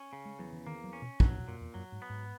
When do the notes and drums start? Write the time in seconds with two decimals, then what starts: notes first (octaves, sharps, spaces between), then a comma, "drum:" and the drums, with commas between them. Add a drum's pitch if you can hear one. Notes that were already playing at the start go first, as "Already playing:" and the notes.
Already playing: C#4
0.13 C#3
0.25 G#3
0.39 E2 F#3
0.53 E3
0.67 D#3 A#3
0.84 F#3
0.93 C#4
1.02 B2
1.20 F#2 F#3, drum: kick
1.34 E2
1.48 F#2 A#2
1.61 E2
1.74 F#2 F#3
1.92 G#2
2.02 B3
2.10 G#2